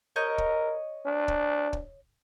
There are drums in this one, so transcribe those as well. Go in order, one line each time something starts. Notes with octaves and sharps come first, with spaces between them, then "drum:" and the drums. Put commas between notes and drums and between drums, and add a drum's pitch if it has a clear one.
A#4 C#5 D#5 G6
drum: kick
D4
drum: kick
drum: kick